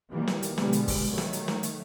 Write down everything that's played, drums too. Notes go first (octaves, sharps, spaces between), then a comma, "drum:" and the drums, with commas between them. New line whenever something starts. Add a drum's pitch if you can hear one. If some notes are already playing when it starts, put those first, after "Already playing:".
D#3 E3 F#3 G3 A#3
drum: snare
drum: hi-hat
B2 D3 F3 G3 G#3 B3, drum: snare
drum: hi-hat
drum: kick G1, open hi-hat
D#3 F#3 A3
drum: snare
drum: hi-hat
drum: snare
drum: hi-hat